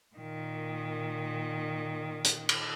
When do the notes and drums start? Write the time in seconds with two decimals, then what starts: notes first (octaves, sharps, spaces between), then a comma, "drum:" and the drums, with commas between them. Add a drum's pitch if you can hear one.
0.16 A#2 D#3
2.24 drum: hi-hat
2.49 drum: cymbal